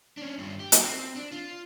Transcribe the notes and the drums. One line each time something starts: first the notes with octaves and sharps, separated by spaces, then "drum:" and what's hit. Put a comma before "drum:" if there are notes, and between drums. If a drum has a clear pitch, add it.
C#4 D4
G2 F4
G4
drum: hi-hat
C4
D4
F4